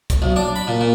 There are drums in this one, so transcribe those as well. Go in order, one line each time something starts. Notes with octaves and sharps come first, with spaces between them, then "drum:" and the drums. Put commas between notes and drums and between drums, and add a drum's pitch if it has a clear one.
drum: kick, hi-hat
B1
D4
B5
A#2
A#2